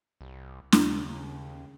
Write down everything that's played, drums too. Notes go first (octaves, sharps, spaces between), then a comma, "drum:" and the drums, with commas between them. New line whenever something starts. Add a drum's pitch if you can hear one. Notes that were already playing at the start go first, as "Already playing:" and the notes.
C2
D#2 C#3, drum: snare